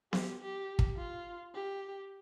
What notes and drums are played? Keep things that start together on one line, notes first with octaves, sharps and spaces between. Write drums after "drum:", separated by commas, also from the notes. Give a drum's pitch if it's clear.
G4, drum: snare B3
G4
drum: kick
F4
G4